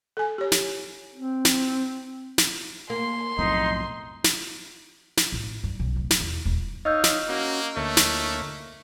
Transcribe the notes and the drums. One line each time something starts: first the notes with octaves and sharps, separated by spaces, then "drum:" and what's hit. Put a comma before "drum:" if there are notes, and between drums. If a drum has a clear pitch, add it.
A4 G#5
G4 C#5
drum: snare
C4
drum: snare
drum: snare
A#3 C6
B1 F2 A2 D#4
drum: snare
drum: snare
A1
G2
B1 C#4
D1
drum: snare
E2
D#1
D#4 C#5 D#5 F5 E6 G6
drum: snare
A#3 C#4 F#4
D2 A3 A#3 C#5
drum: snare